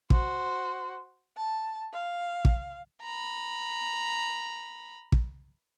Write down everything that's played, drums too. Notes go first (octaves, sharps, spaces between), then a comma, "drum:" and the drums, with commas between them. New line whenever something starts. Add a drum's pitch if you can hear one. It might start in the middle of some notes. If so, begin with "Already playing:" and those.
F#4 C5, drum: kick
A5
F5
drum: kick
A#5 B5
drum: kick